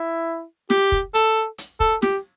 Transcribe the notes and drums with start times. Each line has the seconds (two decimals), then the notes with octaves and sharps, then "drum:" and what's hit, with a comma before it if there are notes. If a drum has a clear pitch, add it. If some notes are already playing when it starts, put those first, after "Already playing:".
Already playing: E4
0.70 G4, drum: snare
0.92 drum: kick
1.14 A4, drum: hi-hat
1.58 drum: hi-hat
1.80 A4, drum: kick
2.02 G4, drum: snare